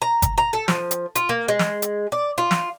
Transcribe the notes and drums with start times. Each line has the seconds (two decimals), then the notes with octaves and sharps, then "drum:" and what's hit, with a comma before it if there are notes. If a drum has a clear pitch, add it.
0.02 A#5
0.22 drum: kick G1, hi-hat
0.38 A#5
0.53 A4
0.68 F3, drum: snare
0.91 drum: hi-hat
1.16 F4, drum: hi-hat
1.29 A#3
1.48 G#3
1.59 drum: snare
1.82 drum: hi-hat
2.12 D5
2.38 F4
2.51 drum: snare